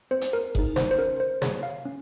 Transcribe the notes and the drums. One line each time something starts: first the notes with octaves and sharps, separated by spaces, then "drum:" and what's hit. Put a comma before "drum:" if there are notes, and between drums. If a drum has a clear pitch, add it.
C4 C5
drum: hi-hat
A#4
D#4 G#4, drum: kick F#1
C5, drum: snare
C5
C#4 A#4
C5
G#4 C#5, drum: snare
F5
C#4